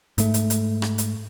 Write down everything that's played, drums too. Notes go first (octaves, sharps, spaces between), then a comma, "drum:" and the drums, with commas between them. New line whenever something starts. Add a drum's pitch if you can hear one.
G#2 A3, drum: hi-hat
drum: hi-hat
drum: hi-hat
drum: rim click
drum: hi-hat